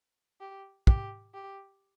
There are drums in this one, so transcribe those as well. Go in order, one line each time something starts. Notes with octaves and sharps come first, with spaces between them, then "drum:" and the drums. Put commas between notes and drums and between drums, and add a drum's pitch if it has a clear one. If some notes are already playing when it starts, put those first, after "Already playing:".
G4
G4, drum: kick
G4